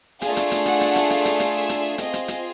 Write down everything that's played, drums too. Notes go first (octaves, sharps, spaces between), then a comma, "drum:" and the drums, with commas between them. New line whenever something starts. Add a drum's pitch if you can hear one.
A3 D4 F4 G#4 F5, drum: hi-hat
drum: hi-hat
drum: hi-hat
F#5, drum: hi-hat
drum: hi-hat
drum: hi-hat
F5, drum: hi-hat
drum: hi-hat
drum: hi-hat
E5
drum: hi-hat
C4 F4 G#4 D#5, drum: hi-hat
drum: hi-hat
drum: hi-hat